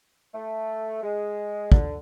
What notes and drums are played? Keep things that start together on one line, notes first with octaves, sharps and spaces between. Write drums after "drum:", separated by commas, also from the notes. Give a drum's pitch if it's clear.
A3
G#3
D3, drum: kick